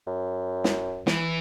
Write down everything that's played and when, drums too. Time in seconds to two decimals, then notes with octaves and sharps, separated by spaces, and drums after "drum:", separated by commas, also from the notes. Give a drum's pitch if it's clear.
0.07 F#2
0.64 drum: snare
1.07 E3, drum: snare